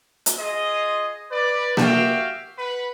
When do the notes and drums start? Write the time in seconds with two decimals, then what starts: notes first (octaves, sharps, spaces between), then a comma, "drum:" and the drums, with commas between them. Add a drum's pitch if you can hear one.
0.26 drum: hi-hat
0.38 F4 G#4 D#5
1.30 B4 D5
1.77 F#4 G4 E5 F5 G5, drum: snare A#3
2.58 B4 F#5 B5